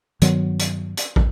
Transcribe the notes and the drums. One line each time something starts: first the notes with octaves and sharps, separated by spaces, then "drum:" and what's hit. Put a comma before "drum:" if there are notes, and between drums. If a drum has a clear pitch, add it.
G2 D#3 F#3 B3, drum: hi-hat
drum: hi-hat
drum: hi-hat
drum: kick